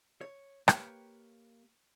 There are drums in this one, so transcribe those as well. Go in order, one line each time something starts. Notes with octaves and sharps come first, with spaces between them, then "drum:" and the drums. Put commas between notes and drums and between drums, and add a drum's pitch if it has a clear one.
C#5
A#3 G4 B4 C#5 E5 G5, drum: rim click